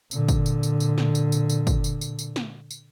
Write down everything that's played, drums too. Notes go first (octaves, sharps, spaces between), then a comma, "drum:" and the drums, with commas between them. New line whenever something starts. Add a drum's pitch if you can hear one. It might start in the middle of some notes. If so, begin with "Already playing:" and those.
A#2 D3, drum: tambourine
drum: kick, tambourine
drum: tambourine
drum: tambourine
drum: tambourine
drum: snare
drum: tambourine
drum: tambourine
drum: tambourine
drum: kick, tambourine
drum: tambourine
drum: tambourine
drum: tambourine
drum: snare
drum: tambourine